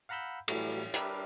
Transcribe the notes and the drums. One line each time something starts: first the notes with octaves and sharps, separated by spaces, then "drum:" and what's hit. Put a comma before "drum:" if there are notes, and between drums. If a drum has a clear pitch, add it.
F5 F#5 A#5 B5 E6 G6
A2 E3 F#3 G3 A3, drum: cymbal
G3 D4 G4 A#4 B4 E5, drum: hi-hat